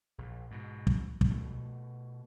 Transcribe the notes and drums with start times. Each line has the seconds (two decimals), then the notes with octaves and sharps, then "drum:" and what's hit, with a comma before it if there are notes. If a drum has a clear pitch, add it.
0.18 A#1
0.51 G#2 B2
0.87 drum: kick
1.21 drum: kick
1.30 B2 A3